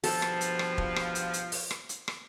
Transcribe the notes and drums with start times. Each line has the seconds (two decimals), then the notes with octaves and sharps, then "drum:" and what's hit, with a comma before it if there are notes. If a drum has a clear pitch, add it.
0.04 G2 B2 F3 A4, drum: open hi-hat
0.22 drum: rim click
0.41 drum: hi-hat
0.59 drum: rim click
0.78 drum: kick
0.96 drum: rim click
1.15 drum: hi-hat
1.33 drum: hi-hat
1.52 drum: open hi-hat
1.71 drum: rim click
1.89 drum: hi-hat
2.08 drum: rim click